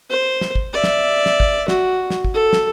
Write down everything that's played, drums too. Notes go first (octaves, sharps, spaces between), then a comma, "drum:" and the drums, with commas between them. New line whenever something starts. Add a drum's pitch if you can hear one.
C5
drum: snare
drum: kick
D5 E5
drum: snare
drum: snare
drum: kick
F#4, drum: snare
drum: snare
drum: kick
A4
drum: snare